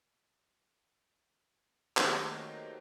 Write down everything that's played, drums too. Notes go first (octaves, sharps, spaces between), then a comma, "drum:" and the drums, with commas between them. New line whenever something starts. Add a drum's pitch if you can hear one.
D#3 F#3 A3 A#3 C4 G4, drum: clap